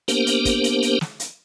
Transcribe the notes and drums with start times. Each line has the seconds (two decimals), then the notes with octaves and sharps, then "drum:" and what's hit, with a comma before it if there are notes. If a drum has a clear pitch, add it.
0.08 A#3 B3 D4 G4 A#4 C5, drum: hi-hat
0.27 drum: hi-hat
0.45 drum: kick, hi-hat
0.64 drum: hi-hat
0.82 drum: hi-hat
1.01 drum: snare
1.20 drum: hi-hat